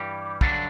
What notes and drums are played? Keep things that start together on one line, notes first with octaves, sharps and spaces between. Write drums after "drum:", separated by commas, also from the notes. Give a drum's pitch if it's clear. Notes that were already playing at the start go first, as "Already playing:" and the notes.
Already playing: G2 E3 G3 G4
G2 D3 F#3 D4, drum: kick